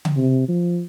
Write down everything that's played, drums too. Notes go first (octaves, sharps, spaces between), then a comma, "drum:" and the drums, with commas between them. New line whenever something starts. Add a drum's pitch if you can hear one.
drum: tom C#3
C3
F3